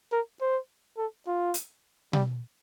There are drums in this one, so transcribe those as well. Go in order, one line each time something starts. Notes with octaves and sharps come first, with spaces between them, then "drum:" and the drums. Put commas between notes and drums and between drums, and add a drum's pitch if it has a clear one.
A#4
C5
A4
F4
drum: hi-hat
G3, drum: tom B2